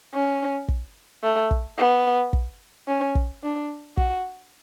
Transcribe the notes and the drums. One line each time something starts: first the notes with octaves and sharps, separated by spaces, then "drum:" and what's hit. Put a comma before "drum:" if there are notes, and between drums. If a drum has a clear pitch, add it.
C#4
drum: kick
A3
drum: kick
B3
drum: kick
C#4
drum: kick
D4
F#4, drum: kick